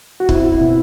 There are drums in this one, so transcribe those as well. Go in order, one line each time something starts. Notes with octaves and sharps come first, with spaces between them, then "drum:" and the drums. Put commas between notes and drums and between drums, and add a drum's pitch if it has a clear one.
F#4
C4 E4, drum: kick
E4
B2